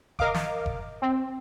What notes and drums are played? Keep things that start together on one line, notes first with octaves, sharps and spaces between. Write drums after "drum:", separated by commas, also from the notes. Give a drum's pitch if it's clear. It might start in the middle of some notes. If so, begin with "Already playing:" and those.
A#4 D#5 F5 D6, drum: kick F1
drum: snare
drum: kick F1
C4